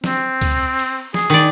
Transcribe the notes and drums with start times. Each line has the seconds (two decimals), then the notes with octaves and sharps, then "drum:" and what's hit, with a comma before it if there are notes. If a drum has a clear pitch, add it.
0.04 C4, drum: snare
0.41 drum: kick C#2, cymbal
0.79 drum: cymbal
1.14 G#4, drum: snare
1.30 D#3 D5